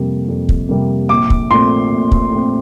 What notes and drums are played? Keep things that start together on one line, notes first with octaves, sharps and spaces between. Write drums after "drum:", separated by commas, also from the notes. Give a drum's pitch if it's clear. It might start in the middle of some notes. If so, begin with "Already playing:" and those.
Already playing: F2 C3 G3 A#3
F2
drum: kick
C3 G3 A#3
A#1 D6
drum: kick
A#2 A3 C4 C6
A#1
drum: kick
A#2 A3 C4